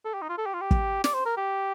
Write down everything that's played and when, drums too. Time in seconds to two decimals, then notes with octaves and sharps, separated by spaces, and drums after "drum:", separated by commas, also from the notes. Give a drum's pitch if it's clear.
0.05 A4
0.14 G4
0.22 D#4
0.29 F4
0.38 A4
0.46 G4
0.54 F4
0.61 G4
0.71 drum: kick
1.04 D5, drum: snare
1.14 C5
1.25 A#4
1.37 G4